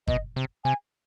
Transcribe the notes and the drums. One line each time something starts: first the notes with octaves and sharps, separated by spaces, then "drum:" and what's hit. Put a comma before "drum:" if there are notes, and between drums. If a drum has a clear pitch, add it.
B2 D#5, drum: kick
C3
C3 G#5